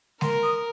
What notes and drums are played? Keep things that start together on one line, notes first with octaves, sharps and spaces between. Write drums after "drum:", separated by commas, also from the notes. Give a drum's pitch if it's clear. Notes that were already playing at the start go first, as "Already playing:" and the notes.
A#4 C6, drum: snare
D#6